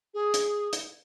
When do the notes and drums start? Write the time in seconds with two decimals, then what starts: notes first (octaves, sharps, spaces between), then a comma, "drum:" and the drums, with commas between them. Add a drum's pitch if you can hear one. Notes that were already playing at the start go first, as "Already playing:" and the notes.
0.14 G#4
0.34 drum: hi-hat
0.73 drum: hi-hat